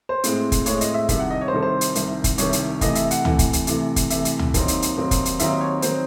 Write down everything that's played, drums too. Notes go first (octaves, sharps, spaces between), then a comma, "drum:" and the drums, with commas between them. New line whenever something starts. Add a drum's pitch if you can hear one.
C5
A2 G#3 C4, drum: hi-hat
drum: kick, hi-hat
A2 G#3 C4 C#5, drum: hi-hat
D#5, drum: hi-hat
E5
C2 C3 D#3 E5, drum: kick, hi-hat
F#5
D#5
C#5
C5
C2 C3 D#3 A4
C5
drum: hi-hat
C2 C3 D#3, drum: hi-hat
drum: kick, hi-hat
C2 C3 D#3 C#5, drum: hi-hat
drum: hi-hat
C3 E3 A3 D#5, drum: kick, hi-hat
E5, drum: hi-hat
F#5, drum: hi-hat
C3 E3 A3, drum: tom C#2
drum: kick, hi-hat
drum: hi-hat
C3 E3 A3, drum: hi-hat
drum: kick, hi-hat
C3 E3 A3 E5, drum: hi-hat
drum: hi-hat
drum: tom C#2
D#2 D#3 F#3 C4 D#4, drum: kick, hi-hat
drum: hi-hat
drum: hi-hat
D#2 D#3 F#3 C4 D#4
drum: kick, hi-hat
drum: hi-hat
D#2 D#3 F#3 C4 D#4 E5, drum: hi-hat
C#5
D#3 F#3 C4 D#4 C5, drum: hi-hat